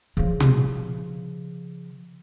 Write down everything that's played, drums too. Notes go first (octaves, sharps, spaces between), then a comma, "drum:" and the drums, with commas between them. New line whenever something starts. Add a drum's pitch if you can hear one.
C#3 F3
drum: tom